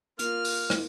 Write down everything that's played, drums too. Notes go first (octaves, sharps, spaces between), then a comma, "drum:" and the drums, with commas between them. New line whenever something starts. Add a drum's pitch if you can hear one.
A#3 F4 F6, drum: hi-hat
drum: open hi-hat
drum: rim click